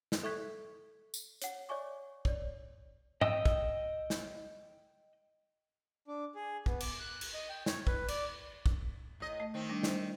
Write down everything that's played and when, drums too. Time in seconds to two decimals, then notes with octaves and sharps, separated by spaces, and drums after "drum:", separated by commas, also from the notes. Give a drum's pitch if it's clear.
0.12 drum: snare
0.23 A4 E5 C#6 F#6 G#6 B6
1.14 drum: tambourine
1.42 C#5 F#5, drum: hi-hat
1.69 C#5 D5 E5 G#5 C#6 D6
2.25 C#5 D5, drum: kick
3.21 D#5 G5 D#6 E6, drum: tom G#2
3.45 drum: kick
4.10 drum: snare
6.08 D4
6.35 G#4
6.66 B3, drum: kick
6.80 D6, drum: cymbal
6.99 F#6
7.21 drum: cymbal
7.34 D#5
7.50 G5
7.66 C#5, drum: snare
7.87 B4, drum: kick
8.08 D5, drum: cymbal
8.66 drum: kick
9.20 A2 D#5
9.40 A3
9.54 D#3 C4
9.70 G3 D4
9.83 C5, drum: snare